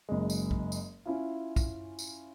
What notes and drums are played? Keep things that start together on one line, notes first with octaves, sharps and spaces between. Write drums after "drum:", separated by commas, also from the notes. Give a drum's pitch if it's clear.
F#1 G#3
drum: tambourine
drum: kick
drum: tambourine
C#4 E4 F4
drum: kick, tambourine
drum: tambourine